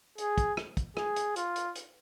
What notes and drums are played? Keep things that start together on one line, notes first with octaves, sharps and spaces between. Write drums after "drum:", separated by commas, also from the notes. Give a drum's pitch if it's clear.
G#4, drum: hi-hat
drum: kick, hi-hat
drum: rim click
drum: kick, hi-hat
G#4, drum: rim click
drum: hi-hat
F4, drum: hi-hat
drum: hi-hat
drum: hi-hat